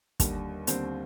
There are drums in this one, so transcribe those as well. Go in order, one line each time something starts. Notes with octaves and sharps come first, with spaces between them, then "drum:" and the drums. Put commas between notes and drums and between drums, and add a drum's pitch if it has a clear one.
D#2 D3 G3, drum: kick, hi-hat
D#2 D3 G3 C4, drum: hi-hat